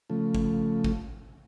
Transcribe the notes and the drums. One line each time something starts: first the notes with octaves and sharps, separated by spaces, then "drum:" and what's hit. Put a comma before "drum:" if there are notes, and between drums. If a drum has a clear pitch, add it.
C#3 F3 A3
drum: kick G#1
drum: kick G#1